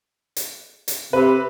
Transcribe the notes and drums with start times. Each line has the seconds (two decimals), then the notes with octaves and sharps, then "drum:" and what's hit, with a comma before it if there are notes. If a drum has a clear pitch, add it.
0.37 drum: hi-hat
0.88 drum: hi-hat
1.13 C3 B4